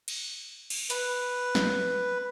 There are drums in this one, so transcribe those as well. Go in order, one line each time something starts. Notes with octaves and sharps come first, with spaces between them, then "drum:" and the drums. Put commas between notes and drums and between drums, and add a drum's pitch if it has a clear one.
drum: cymbal
drum: cymbal
B4, drum: hi-hat
drum: snare